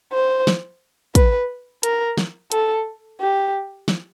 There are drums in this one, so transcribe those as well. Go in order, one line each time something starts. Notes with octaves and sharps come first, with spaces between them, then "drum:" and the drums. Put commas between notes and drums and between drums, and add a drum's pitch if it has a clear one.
C5
drum: snare
B4, drum: kick, hi-hat
A#4, drum: hi-hat
drum: snare
A4, drum: hi-hat
G4
drum: snare